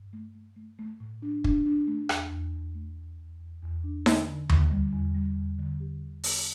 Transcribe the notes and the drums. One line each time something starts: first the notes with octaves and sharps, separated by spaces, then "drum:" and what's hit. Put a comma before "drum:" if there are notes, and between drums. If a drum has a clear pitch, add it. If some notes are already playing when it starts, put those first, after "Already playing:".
Already playing: G2
A3
A3
A3
A3
A2
D4
D4, drum: kick
D4
A3
E2, drum: rim click
E2
E2
A3
E2
E2
E2
E2
D4
D3, drum: snare D#4
D3
D3, drum: tom D#2
G3
E2
G3
E2
D3
G4
D3
B3, drum: open hi-hat